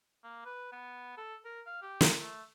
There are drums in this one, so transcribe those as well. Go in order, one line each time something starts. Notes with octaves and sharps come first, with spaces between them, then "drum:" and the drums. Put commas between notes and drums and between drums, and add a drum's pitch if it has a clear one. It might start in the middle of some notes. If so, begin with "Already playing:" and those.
A#3
B4
B3
A4
A#4
F5
G4
drum: snare
A3